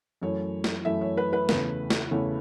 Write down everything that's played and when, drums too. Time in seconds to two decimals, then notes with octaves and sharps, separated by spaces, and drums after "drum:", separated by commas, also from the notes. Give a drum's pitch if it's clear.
0.22 F#2 E3 A3 C#5
0.64 drum: snare
0.85 F#2 E3 A3 E5
1.01 C#5
1.17 B4
1.33 B4
1.49 E2 C#3 E3 A3 B4, drum: snare
1.90 drum: snare
2.11 E2 C#3 E3 A3 C#5